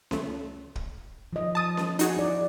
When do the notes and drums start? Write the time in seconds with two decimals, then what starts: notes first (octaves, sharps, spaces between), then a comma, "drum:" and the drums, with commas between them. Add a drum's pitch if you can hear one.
0.11 C#2 A3, drum: snare C#4
0.76 drum: kick
1.33 F3 D#5
1.55 A5 D#6
1.77 drum: snare C#4
1.99 D#4 F#4 G#4, drum: hi-hat
2.17 E4 D5